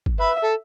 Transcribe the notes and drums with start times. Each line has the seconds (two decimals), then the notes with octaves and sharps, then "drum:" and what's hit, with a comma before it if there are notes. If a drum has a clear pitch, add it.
0.06 drum: kick G1
0.20 B4 E5
0.44 A4